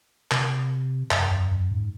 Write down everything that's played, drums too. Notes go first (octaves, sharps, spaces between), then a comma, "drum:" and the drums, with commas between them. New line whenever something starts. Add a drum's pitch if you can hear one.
C3, drum: clap
F#2, drum: clap
F#2
F#2
G#2